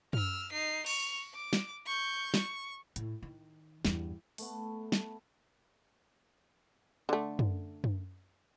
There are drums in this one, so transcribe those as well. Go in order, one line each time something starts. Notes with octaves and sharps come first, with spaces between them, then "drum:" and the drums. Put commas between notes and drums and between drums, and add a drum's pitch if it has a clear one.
E6 F6, drum: tom F#2
D#4 C7
C#6 F7, drum: cymbal
D6
drum: snare
C#6 G6
C#6, drum: snare
A2, drum: hi-hat
D#3
E2 G2, drum: snare
A3 B3, drum: open hi-hat
drum: snare
D3 A3
drum: tom F#2
drum: tom F#2